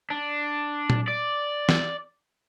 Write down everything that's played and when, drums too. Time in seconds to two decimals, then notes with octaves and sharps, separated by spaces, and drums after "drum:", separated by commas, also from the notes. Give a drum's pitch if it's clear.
0.11 D4
0.90 drum: tom A#2
1.08 D5
1.69 drum: snare